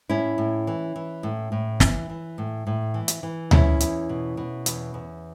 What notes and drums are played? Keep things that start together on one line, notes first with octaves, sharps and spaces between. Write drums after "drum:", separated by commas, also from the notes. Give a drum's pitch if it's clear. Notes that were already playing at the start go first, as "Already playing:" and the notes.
A2 C#4 E4
A2
E3
E3
A2
A2
E3, drum: snare
E3
A2
A2
E3
drum: hi-hat
E3
E2 C#4 E4, drum: tom D2
E2, drum: hi-hat
B2
B2
E2, drum: hi-hat
E2